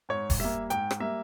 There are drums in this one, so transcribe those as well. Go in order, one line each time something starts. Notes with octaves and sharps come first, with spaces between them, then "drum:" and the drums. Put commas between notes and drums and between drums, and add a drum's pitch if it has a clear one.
G#2 C#5
drum: kick E1, open hi-hat
G3 A#3 E5
G#2 G5, drum: hi-hat
drum: rim click
G3 A#3 E5